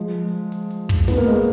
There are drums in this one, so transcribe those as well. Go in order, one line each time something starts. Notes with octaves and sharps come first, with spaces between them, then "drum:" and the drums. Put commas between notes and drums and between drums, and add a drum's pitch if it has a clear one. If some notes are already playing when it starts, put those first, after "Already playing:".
Already playing: F3 G#3
drum: hi-hat
drum: hi-hat
drum: kick, hi-hat
B3, drum: snare
A#3
G#3, drum: hi-hat